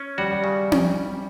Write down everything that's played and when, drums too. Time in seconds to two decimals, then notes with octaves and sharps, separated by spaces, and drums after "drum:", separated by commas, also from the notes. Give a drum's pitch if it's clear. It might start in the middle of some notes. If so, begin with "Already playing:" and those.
Already playing: C#4
0.18 G3 F#4
0.30 G3
0.44 C#3
0.72 drum: tom C4